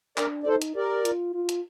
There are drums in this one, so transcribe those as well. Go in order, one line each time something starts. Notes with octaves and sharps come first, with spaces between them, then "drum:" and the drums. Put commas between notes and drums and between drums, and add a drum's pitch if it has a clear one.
D4 A#4 D5, drum: clap
D5
D#4 A4 C5
drum: hi-hat
G4 A#4 D5
F4, drum: hi-hat
F4
drum: hi-hat